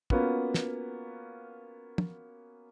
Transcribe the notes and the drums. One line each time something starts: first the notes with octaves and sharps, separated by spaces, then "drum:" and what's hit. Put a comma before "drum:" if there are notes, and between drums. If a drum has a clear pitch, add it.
A#3 B3 C#4 F4 F#4 B4, drum: kick
drum: snare
drum: tom